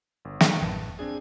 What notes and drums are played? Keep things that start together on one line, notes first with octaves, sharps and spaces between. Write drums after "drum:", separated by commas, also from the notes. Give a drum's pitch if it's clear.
G1
D#3 A3, drum: snare
A1 F#2 A2 B4 A5
C4 D4 G#4 G#5